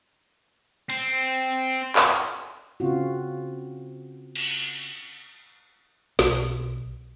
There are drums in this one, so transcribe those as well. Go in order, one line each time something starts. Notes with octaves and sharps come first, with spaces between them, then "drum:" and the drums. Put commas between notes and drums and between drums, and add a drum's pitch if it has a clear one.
C4, drum: cymbal
drum: clap
C#3 C4 F4 F#4
drum: cymbal
B1, drum: snare